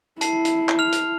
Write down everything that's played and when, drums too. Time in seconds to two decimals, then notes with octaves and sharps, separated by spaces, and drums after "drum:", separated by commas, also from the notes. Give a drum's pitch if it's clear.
0.21 E4 A5 C7, drum: hi-hat
0.45 drum: hi-hat
0.69 drum: clap
0.79 F6 F7
0.92 drum: hi-hat